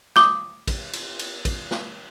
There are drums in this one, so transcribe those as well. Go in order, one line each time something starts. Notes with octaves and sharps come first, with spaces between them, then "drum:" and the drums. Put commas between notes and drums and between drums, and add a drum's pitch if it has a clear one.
D6 D#6 G6, drum: snare
drum: kick, cymbal
drum: cymbal
drum: cymbal
drum: kick, cymbal
drum: snare